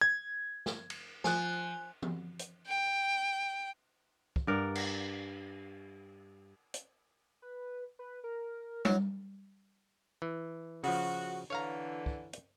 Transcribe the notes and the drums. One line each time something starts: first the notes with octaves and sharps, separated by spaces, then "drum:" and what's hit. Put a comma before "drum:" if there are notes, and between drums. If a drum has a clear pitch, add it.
G#6
drum: snare
drum: cymbal
F3 G#5 F#6, drum: snare
drum: tom
drum: hi-hat
G5
drum: kick
G2 A#4 D5 F#5
drum: cymbal
drum: hi-hat
B4
B4
A#4
F#3 E4, drum: tom G3
E3
C#3 F3 F#4, drum: open hi-hat
D3 E3 C#5 F5 A#5
drum: kick
drum: hi-hat